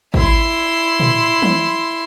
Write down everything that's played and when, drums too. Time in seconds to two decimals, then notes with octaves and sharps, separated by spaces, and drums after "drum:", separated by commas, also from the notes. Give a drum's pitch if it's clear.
0.14 E4 C6, drum: kick
1.00 drum: tom
1.42 drum: tom